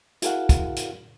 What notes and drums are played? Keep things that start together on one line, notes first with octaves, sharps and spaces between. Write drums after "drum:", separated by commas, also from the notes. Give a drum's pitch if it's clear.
E4 F#4 G#4 A#4 F5 F#5, drum: hi-hat
drum: kick, hi-hat
drum: hi-hat